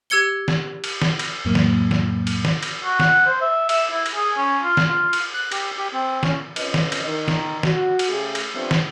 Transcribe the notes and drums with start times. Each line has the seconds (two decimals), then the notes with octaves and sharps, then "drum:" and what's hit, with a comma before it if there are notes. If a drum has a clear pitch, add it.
0.10 G4 E6 G#6 C#7 G7
0.48 drum: snare
0.84 drum: cymbal
1.02 drum: snare
1.19 drum: cymbal
1.45 F2 A2 F#3 A#3
1.55 drum: snare
1.91 drum: snare
2.27 drum: cymbal
2.45 drum: snare
2.63 drum: cymbal
2.84 F#4
3.00 F#5, drum: snare
3.26 C5
3.41 E5
3.69 E5, drum: cymbal
3.92 E4
4.06 drum: cymbal
4.15 G#4
4.37 C#4
4.63 F4
4.77 drum: snare
4.87 F4
5.13 drum: cymbal
5.34 F#6
5.52 G4, drum: cymbal
5.78 G4
5.93 C4
6.23 C#4, drum: snare
6.56 F2 F3 C#4 B4 D#5, drum: cymbal
6.74 drum: snare
6.92 drum: cymbal
7.05 D#3
7.28 drum: snare
7.63 F#4, drum: snare
7.99 drum: cymbal
8.08 C#3 A3 G4 G#4
8.35 drum: cymbal
8.53 F3 G3 A3 B3 C4 D4
8.71 drum: snare